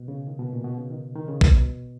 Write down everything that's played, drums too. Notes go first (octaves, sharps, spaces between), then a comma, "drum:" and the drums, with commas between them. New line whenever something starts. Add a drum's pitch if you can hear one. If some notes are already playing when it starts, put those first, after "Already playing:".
Already playing: B2
C#3
D#3
B2
A#2
B2
C#3
D#3
D#3
C#3
B2, drum: kick A1